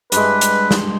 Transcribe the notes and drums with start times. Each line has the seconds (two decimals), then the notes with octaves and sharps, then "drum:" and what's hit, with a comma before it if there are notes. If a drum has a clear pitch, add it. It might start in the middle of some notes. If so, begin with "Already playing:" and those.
0.12 G2 G#3 B4, drum: hi-hat
0.41 drum: hi-hat
0.71 drum: snare